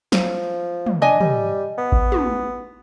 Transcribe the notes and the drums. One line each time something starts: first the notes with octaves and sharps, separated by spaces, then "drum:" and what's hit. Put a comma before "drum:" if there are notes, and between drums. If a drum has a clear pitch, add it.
F3, drum: snare F#3
drum: tom
D4 D#5 G#5
G3, drum: tom
B3
drum: kick A1
drum: tom